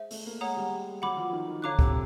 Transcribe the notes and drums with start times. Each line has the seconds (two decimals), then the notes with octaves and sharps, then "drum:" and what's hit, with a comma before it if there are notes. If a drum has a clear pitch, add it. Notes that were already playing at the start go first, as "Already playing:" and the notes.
Already playing: G#3 C5 E5
0.11 A3, drum: open hi-hat
0.26 A#3
0.41 G#3 C#5 F#5 A#5 D#6
0.57 G3
1.02 F#3 F#5 B5 D6
1.17 F3
1.32 D#3
1.48 D#3
1.62 D3 C#5 F5 A#5 D6 F#6
1.79 C3, drum: kick